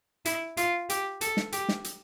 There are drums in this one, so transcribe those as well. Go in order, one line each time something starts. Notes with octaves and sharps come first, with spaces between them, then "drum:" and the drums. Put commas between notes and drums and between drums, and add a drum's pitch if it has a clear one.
E4, drum: hi-hat
F4, drum: hi-hat
G4, drum: hi-hat
A4, drum: hi-hat
drum: snare
G4, drum: hi-hat
drum: snare
drum: hi-hat